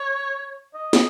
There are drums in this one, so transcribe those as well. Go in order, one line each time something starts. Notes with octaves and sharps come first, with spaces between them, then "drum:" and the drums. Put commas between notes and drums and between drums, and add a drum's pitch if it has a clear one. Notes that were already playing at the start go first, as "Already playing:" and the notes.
Already playing: C#5
D#5
drum: snare